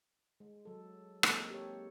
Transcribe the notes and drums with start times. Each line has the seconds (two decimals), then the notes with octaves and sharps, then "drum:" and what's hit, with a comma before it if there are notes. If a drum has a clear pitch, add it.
0.40 G#3
0.65 F#3 A4
1.23 F#3 G#3 A#3 C4 D#4 A4, drum: rim click
1.50 G4 C#5